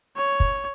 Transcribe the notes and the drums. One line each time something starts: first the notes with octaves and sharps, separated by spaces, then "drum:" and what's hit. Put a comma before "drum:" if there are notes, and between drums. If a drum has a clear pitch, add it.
C#5
drum: kick